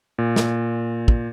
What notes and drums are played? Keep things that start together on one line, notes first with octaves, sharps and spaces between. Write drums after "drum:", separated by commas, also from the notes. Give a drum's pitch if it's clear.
A#2
drum: snare
drum: kick